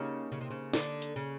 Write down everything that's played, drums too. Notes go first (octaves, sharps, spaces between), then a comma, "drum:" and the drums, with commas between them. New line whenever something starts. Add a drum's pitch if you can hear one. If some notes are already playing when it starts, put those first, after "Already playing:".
Already playing: C#3 A#3 D#4 G4 A#4 C#5
C#3
C3
C#3
D3, drum: snare
drum: hi-hat
C#3